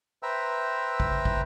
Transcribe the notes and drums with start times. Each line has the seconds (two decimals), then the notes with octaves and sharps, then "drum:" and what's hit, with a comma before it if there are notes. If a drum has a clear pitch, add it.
0.23 B4 C5 E5 G5 A#5 E6
1.00 drum: kick
1.25 drum: kick